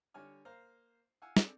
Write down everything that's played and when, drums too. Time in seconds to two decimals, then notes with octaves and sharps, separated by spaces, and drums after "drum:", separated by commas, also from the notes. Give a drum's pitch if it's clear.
0.14 D3 G3 C#5 G#5 F6
0.45 A#3 C5 F5 A#5
1.22 F5 F#5 G#5 E6
1.37 C4 D4 G#4 A4, drum: snare